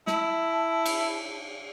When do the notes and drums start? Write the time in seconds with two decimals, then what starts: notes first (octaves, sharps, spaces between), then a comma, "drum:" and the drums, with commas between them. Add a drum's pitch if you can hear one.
0.07 E4 A5, drum: snare
0.86 drum: cymbal